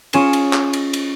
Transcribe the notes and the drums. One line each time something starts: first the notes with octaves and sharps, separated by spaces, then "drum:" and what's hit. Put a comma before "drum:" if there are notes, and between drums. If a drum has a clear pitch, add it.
C#4 F4 G#4 C#7 E7, drum: cymbal
drum: cymbal
drum: clap
drum: cymbal
drum: cymbal